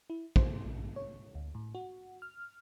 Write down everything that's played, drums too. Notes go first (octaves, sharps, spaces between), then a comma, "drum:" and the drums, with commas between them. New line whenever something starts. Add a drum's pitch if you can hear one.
E4
C5, drum: kick
A#1
C#5
D2
A2
F#4
F6